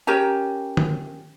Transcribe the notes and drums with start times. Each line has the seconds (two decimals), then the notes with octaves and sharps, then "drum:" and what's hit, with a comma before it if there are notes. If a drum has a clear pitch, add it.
0.07 C#4 G4 A#4 A#5
0.77 drum: tom D3